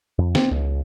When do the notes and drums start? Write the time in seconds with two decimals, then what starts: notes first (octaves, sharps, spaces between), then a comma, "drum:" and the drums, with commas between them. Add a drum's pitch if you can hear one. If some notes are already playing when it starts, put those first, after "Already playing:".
0.19 F2
0.35 C4, drum: snare
0.51 C#2